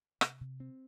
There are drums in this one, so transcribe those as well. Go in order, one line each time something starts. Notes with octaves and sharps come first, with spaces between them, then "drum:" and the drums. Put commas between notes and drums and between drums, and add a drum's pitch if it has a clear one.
C3, drum: rim click
C3
C4